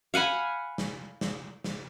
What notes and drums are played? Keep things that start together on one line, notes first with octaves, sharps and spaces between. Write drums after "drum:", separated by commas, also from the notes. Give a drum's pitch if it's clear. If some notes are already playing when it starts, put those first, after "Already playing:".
F5 F#5 G#5 B5
drum: snare
drum: snare
drum: snare